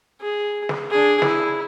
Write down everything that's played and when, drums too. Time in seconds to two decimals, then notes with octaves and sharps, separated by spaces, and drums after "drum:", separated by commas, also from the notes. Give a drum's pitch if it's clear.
0.21 G#4
0.69 drum: snare
0.91 D4 G#4
1.22 E4, drum: snare